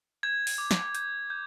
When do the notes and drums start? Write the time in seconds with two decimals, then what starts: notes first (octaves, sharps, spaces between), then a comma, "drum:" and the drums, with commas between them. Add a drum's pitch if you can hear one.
0.23 G6 G#6
0.47 drum: open hi-hat
0.58 D6
0.71 drum: snare
0.95 G6, drum: hi-hat
1.30 G6